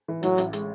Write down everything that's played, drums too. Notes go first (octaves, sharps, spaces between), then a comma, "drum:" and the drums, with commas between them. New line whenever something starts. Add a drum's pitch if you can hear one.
E3
A2 F#3, drum: hi-hat
A1, drum: hi-hat
G#3, drum: hi-hat